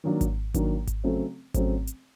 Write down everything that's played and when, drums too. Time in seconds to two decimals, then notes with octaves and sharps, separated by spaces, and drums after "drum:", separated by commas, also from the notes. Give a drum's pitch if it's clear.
0.04 D#3 F#3 A#3 D4
0.21 drum: kick G#1, hi-hat
0.54 D#3 F#3 A#3 D4, drum: kick G#1, hi-hat
0.87 drum: kick G#1, hi-hat
1.04 C#3 F#3 A3 C4
1.54 C#3 F#3 A3 C4, drum: kick G#1, hi-hat
1.87 drum: hi-hat